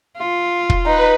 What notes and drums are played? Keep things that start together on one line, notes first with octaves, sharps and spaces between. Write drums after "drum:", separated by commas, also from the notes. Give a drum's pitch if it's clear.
F4
drum: kick
D#4 B4